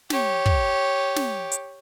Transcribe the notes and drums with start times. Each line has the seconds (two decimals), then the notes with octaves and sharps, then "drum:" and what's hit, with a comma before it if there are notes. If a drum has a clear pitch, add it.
0.10 G4 C#5, drum: snare
0.46 drum: kick
1.16 drum: snare
1.52 drum: hi-hat